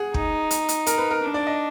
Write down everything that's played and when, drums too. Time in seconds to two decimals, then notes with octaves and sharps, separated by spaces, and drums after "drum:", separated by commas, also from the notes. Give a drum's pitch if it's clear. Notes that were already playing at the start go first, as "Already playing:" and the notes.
Already playing: G#4 F#5
0.14 D#4, drum: kick
0.51 drum: hi-hat
0.69 drum: hi-hat
0.86 A#4, drum: hi-hat
0.98 B4
1.11 A#4
1.22 D4
1.34 D5
1.47 D#5